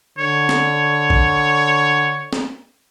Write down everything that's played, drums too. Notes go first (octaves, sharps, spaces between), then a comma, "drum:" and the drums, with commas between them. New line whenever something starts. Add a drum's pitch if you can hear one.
D3 C#5
drum: snare
drum: kick A1
drum: snare